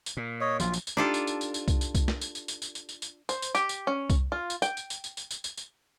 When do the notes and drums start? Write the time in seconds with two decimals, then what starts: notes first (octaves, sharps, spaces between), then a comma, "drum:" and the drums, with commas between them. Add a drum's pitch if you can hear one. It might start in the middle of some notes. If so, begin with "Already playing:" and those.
0.06 drum: tambourine
0.17 A#2
0.41 C#5 D#5
0.60 A#1 F3 F#3 F4, drum: tambourine
0.74 drum: tambourine
0.87 drum: tambourine
0.97 D4 D#4 F4 G4 A4
1.14 drum: tambourine
1.27 drum: tambourine
1.41 drum: tambourine
1.54 drum: tambourine
1.68 drum: kick C2, tambourine
1.81 drum: tambourine
1.95 drum: kick C2, tambourine
2.08 drum: snare
2.21 drum: tambourine
2.35 drum: tambourine
2.48 drum: tambourine
2.62 drum: tambourine
2.75 drum: tambourine
2.89 drum: tambourine
3.02 drum: tambourine
3.29 C5, drum: tambourine
3.42 drum: tambourine
3.55 G4, drum: tambourine
3.69 drum: tambourine
3.87 C#4
4.10 drum: kick C2, tambourine
4.32 F4
4.50 drum: tambourine
4.62 G5, drum: tambourine
4.77 drum: tambourine
4.90 drum: tambourine
5.04 drum: tambourine
5.17 drum: tambourine
5.31 drum: tambourine
5.44 drum: tambourine
5.57 drum: tambourine